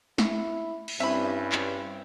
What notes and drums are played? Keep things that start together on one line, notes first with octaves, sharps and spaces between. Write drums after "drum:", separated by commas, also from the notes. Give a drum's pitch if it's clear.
E4, drum: snare
drum: cymbal
G2 C4 C#4 E4 E5 B5
drum: clap